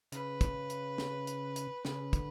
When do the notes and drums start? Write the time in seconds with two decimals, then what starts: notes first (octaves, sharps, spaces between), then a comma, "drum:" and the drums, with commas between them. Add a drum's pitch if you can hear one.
0.12 C#3 B4, drum: hi-hat
0.41 drum: kick, hi-hat
0.70 drum: hi-hat
0.98 drum: snare
1.27 drum: hi-hat
1.56 drum: hi-hat
1.85 C#3 B4, drum: snare
2.13 D3, drum: kick, hi-hat